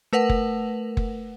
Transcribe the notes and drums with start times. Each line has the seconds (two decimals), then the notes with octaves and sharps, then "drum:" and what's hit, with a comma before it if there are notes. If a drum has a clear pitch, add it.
0.13 A3 A#4 B4 F#5
0.29 drum: kick F#1
0.97 drum: kick F#1